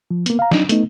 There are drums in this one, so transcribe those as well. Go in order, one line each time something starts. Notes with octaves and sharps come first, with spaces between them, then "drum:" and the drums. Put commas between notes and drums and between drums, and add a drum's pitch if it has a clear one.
F3
A#3 B3, drum: hi-hat
F5 A#5
F#3 D4 D#4, drum: snare
A3 B3 D#4, drum: hi-hat